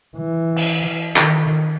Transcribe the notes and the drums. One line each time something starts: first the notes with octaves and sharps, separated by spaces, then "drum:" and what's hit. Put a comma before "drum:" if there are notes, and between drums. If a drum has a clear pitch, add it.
E3
drum: cymbal
D#3, drum: clap